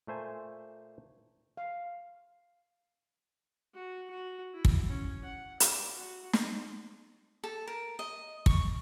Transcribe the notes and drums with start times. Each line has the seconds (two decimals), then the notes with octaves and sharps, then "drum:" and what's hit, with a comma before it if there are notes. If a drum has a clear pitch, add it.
0.07 A#2 A3 C5 G#5
1.57 F5
3.74 F#4
4.11 F#4
4.54 E4
4.65 drum: kick
4.89 C#4
5.24 F#5
5.60 D5, drum: hi-hat
5.95 F#4
6.33 drum: snare
7.44 A4
7.67 A#4
7.99 D#5
8.46 C#6, drum: kick